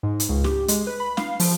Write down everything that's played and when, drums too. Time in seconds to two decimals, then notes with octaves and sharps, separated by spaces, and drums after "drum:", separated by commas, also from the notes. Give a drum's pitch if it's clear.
0.03 G#2
0.20 drum: hi-hat
0.29 C#2
0.44 G4, drum: snare
0.68 G#3, drum: hi-hat
0.87 B4
1.00 B5
1.17 F5, drum: snare
1.40 F3, drum: open hi-hat